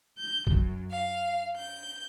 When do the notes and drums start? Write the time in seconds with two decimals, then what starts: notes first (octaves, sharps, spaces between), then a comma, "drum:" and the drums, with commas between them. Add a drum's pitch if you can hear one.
0.17 G6
0.47 F#2, drum: kick A#1
0.91 F5
1.56 G6